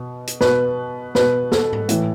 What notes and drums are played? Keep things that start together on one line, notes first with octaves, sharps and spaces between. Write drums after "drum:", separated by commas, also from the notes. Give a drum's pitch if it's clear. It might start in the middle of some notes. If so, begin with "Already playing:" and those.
Already playing: B2
drum: hi-hat
B2 B4, drum: snare
B2 B4, drum: snare
A4, drum: snare
drum: tom G#2
A2 E3, drum: hi-hat